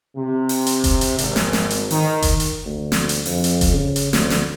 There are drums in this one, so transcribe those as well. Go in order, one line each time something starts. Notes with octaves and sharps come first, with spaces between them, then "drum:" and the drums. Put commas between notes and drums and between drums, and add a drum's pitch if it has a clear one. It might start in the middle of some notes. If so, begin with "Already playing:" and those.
C3
drum: open hi-hat
drum: hi-hat
drum: kick F1, hi-hat
drum: hi-hat
G#1, drum: hi-hat
drum: snare
drum: snare
drum: hi-hat
D#3, drum: open hi-hat
drum: kick F1, hi-hat
drum: hi-hat
D2
drum: snare
drum: hi-hat
F2, drum: open hi-hat
drum: hi-hat
drum: kick F1, hi-hat
C#3
drum: hi-hat
D2, drum: snare
drum: snare